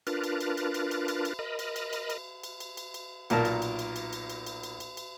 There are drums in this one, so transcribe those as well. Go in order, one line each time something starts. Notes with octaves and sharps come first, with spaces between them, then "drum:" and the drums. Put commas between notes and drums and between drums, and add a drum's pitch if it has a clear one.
D4 F4 A#4 B4, drum: cymbal
drum: cymbal
drum: cymbal
drum: cymbal
drum: cymbal
drum: cymbal
drum: cymbal
drum: cymbal
A#4 D#5 B5
drum: cymbal
drum: cymbal
drum: cymbal
drum: cymbal
drum: cymbal
drum: cymbal
drum: cymbal
drum: cymbal
B1 A#2 A#4 A5, drum: cymbal
drum: cymbal
drum: cymbal
drum: cymbal
drum: cymbal
drum: cymbal
drum: cymbal
drum: cymbal
drum: cymbal
drum: cymbal
drum: cymbal